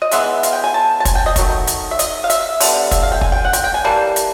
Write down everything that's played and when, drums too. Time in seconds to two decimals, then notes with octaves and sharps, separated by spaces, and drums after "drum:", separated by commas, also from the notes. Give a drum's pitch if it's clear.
0.02 D#5
0.11 E3 G#3 B3 E5, drum: hi-hat
0.43 F5, drum: hi-hat
0.53 G5
0.64 G#5
0.74 A5
1.00 A5
1.05 G#5, drum: kick, hi-hat
1.15 G5
1.26 D#5
1.36 D#3 F#3 A3, drum: kick, hi-hat
1.67 drum: hi-hat
1.91 E5
1.99 D#5, drum: hi-hat
2.24 F5
2.30 E5, drum: hi-hat
2.60 D3 G3 B3, drum: open hi-hat
2.91 E5, drum: kick, hi-hat
3.03 F5
3.12 G5
3.21 G#5, drum: kick
3.32 G5
3.45 F#5
3.53 G5, drum: hi-hat
3.64 G5
3.74 G#5
3.85 E3 G3 A#3 A5
4.16 drum: hi-hat